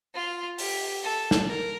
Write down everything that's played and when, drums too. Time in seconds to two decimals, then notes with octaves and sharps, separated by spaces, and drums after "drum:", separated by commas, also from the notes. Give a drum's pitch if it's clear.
0.14 F4
0.58 G4, drum: open hi-hat
1.04 A4
1.31 drum: snare
1.48 A#4